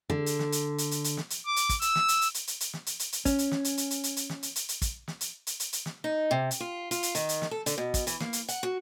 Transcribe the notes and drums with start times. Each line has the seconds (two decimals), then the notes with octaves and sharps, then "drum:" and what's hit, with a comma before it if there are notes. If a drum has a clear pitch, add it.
0.10 D3
0.26 drum: hi-hat
0.39 drum: snare
0.52 drum: hi-hat
0.78 drum: hi-hat
0.91 drum: hi-hat
1.04 drum: hi-hat
1.17 drum: snare
1.30 drum: hi-hat
1.47 D6
1.56 drum: hi-hat
1.69 drum: kick, hi-hat
1.82 E6, drum: hi-hat
1.95 drum: snare
2.08 drum: hi-hat
2.21 drum: hi-hat
2.34 drum: hi-hat
2.47 drum: hi-hat
2.60 drum: hi-hat
2.73 drum: snare
2.86 drum: hi-hat
2.99 drum: hi-hat
3.12 drum: hi-hat
3.25 C#4, drum: kick, hi-hat
3.38 drum: hi-hat
3.52 drum: snare
3.65 drum: hi-hat
3.78 drum: hi-hat
3.91 drum: hi-hat
4.04 drum: hi-hat
4.17 drum: hi-hat
4.30 drum: snare
4.43 drum: hi-hat
4.56 drum: hi-hat
4.69 drum: hi-hat
4.82 drum: kick, hi-hat
5.08 drum: snare
5.21 drum: hi-hat
5.47 drum: hi-hat
5.60 drum: hi-hat
5.73 drum: hi-hat
5.86 drum: snare
6.04 D#4
6.31 C3
6.51 drum: hi-hat
6.60 F4
6.91 F4, drum: hi-hat
7.03 drum: hi-hat
7.15 D#3, drum: hi-hat
7.29 drum: hi-hat
7.42 drum: snare
7.51 A4
7.66 D3, drum: hi-hat
7.78 B2
7.94 drum: kick, hi-hat
8.07 E3, drum: hi-hat
8.20 A#3, drum: snare
8.33 drum: hi-hat
8.48 F#5, drum: hi-hat
8.63 F#4